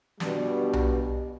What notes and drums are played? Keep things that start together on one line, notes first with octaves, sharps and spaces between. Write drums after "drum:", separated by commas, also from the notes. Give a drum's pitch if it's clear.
G2 B2 G3, drum: snare
drum: tom B1